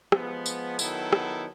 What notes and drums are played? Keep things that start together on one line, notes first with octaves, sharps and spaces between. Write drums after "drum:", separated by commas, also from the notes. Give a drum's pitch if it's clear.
F3 G#3 B3, drum: rim click
drum: tambourine
D#3 F#3 B3 E4 A4, drum: tambourine
drum: rim click